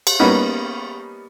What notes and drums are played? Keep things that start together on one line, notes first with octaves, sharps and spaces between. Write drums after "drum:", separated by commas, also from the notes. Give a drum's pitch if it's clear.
drum: cymbal
G3 A#3 B3 C#4 D#4